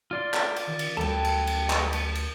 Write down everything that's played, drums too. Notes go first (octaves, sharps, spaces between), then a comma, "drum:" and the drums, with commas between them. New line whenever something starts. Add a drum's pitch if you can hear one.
F4 D5 C6
drum: clap
drum: cymbal
D#3
drum: cymbal
D2 F#3 G3 A4 G5 A5
drum: cymbal
drum: cymbal
drum: clap
drum: cymbal
drum: cymbal